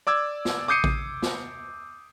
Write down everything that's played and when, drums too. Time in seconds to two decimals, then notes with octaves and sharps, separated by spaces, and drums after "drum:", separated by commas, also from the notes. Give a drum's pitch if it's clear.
0.07 D5 D6 E6 G#6
0.45 drum: snare
0.68 D6 D#6 G6 C7 C#7 D#7
0.84 drum: kick A1
1.22 drum: snare